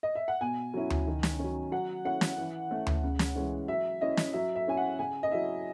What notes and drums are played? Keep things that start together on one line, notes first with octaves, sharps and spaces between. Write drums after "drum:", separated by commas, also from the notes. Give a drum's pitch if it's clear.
D#5
E5
F#5
B2 G#5
F#3 C#4 E4
drum: tom D2
D#3
drum: snare
F#3 C#4
F#3 F#5
C#4 E4 F#5
drum: snare
E3
A3 C#4
drum: tom D2
C#3
drum: snare
E3 G#3 C#4
F#3 E5
C#4 E4 D#5
drum: snare
F#3 E5
E5
C#4 E4 G#5
F#5
C#3 G#5
D#5
F#3 C#4 E4 E5